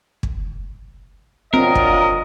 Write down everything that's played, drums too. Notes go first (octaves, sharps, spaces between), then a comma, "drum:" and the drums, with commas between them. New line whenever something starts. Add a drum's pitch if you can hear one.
drum: kick
F#3 C4 D4 F4 A#4 D#5
drum: kick